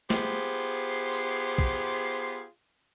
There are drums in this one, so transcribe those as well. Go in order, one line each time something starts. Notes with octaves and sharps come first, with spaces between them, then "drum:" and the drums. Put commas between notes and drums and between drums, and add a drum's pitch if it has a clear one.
B3 F4 G4 G#4 C5, drum: snare
drum: tambourine
drum: kick